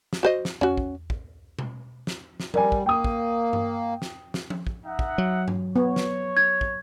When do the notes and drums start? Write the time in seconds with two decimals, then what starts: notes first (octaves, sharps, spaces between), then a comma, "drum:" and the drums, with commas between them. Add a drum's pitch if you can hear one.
0.13 drum: snare
0.23 F#4 C5 D#5
0.45 drum: snare
0.61 C#4 F#4, drum: tom E2
0.77 drum: kick
1.10 drum: kick
1.59 drum: tom B2
2.07 drum: snare
2.40 drum: snare
2.54 G3 A#4 D5 G#5, drum: tom F3
2.72 drum: kick
2.86 A#3 G5 D#6
3.04 drum: kick
3.53 drum: tom G2
4.02 drum: snare
4.34 drum: snare
4.50 drum: tom F3
4.67 drum: kick
4.85 D#4 E5 F#5
4.99 drum: kick
5.18 F#3
5.48 drum: tom G2
5.76 B3 C#5
5.96 drum: snare
6.37 G#6
6.61 drum: kick